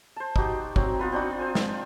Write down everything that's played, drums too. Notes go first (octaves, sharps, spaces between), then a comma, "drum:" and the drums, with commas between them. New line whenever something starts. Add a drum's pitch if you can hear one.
C5 A5
D#4 F#4 G4, drum: kick
F#3 C4 A#5, drum: kick
B3 F4 B4
C4 D4 D#4 F4
C5 G#5
drum: snare